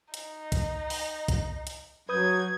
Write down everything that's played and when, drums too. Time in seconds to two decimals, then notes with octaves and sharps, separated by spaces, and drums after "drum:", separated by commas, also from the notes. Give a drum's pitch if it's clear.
0.14 D#4, drum: hi-hat
0.52 drum: kick, hi-hat
0.90 drum: open hi-hat
1.28 drum: kick, hi-hat
1.67 drum: hi-hat
2.09 F#3 B4 D#6 G6 G#6